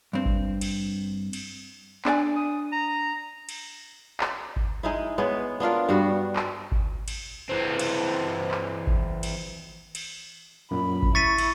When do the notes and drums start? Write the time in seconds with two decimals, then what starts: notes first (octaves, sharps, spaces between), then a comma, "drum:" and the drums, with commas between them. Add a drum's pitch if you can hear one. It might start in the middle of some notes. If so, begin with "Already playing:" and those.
0.13 G2 C4
0.26 drum: kick G#1
0.61 drum: cymbal
1.33 drum: cymbal
2.05 D4 D5 G#5, drum: clap
2.36 D#6
2.72 A#5
3.49 drum: cymbal
4.20 drum: clap
4.56 drum: kick G#1
4.83 G#3 D#4 E4
5.18 G#3 B3 B4 C#5
5.60 B3 D4 F4 A#4
5.89 G2 G3 B3 F#4
6.36 drum: clap
6.72 drum: kick G#1
7.08 drum: cymbal
7.50 E3 C4
7.79 drum: cymbal
8.51 drum: clap
8.87 drum: kick G#1
9.23 drum: cymbal
9.95 drum: cymbal
10.71 F#2 A#2 B5
11.03 drum: kick G#1
11.15 E4 C#6 A6 B6 D#7
11.38 drum: cymbal